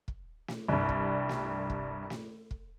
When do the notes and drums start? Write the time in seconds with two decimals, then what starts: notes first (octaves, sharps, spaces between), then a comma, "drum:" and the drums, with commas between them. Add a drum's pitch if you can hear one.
0.08 drum: kick
0.48 drum: snare
0.69 C2 G2
0.89 drum: kick
1.29 drum: snare
1.70 drum: kick
2.10 drum: snare
2.51 drum: kick